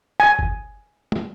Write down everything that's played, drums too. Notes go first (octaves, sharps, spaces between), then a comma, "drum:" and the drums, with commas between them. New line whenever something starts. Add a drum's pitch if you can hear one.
G#5
drum: kick F#1
drum: tom